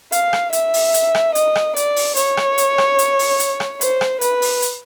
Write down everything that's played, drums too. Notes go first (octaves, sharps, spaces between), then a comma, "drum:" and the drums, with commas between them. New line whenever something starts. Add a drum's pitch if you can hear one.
F5, drum: hi-hat
drum: rim click
E5, drum: hi-hat
drum: open hi-hat
drum: hi-hat
drum: rim click
D#5, drum: hi-hat
drum: rim click
D5, drum: hi-hat
drum: open hi-hat
C#5, drum: hi-hat
drum: rim click
drum: hi-hat
drum: rim click
drum: hi-hat
drum: open hi-hat
drum: hi-hat
drum: rim click
C5, drum: hi-hat
drum: rim click
B4, drum: hi-hat
drum: open hi-hat
drum: hi-hat